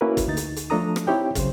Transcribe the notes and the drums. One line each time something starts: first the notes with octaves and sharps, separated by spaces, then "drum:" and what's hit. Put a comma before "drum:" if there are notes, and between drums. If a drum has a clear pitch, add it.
A#3 C#4 E4 F#4 A#4 B4
drum: kick, hi-hat
D2 D#4 A6
drum: hi-hat
drum: hi-hat
F3 A3 D4 A4 A#5 D#6
drum: rim click
C4 D#4 E4 G4 C#5 G5
C#3 F#3 C5, drum: kick, hi-hat